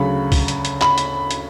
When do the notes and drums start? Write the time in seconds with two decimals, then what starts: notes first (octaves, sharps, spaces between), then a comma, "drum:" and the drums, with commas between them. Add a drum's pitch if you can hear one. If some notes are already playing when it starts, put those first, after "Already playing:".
Already playing: D2 C#3 F#3 B5
0.32 drum: kick, open hi-hat
0.48 drum: hi-hat
0.65 drum: hi-hat
0.81 B5, drum: clap
0.98 drum: hi-hat
1.31 drum: hi-hat